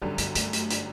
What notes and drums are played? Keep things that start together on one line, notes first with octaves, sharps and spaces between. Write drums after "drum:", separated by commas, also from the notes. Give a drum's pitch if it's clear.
G1 F#2 D3 G3 C#4
B3, drum: hi-hat
A3, drum: hi-hat
drum: hi-hat
drum: hi-hat